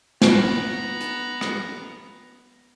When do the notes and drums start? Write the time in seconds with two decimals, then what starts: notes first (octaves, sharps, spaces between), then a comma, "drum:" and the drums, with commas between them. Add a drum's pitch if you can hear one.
0.22 B3 A#5, drum: snare
1.00 drum: hi-hat
1.41 drum: rim click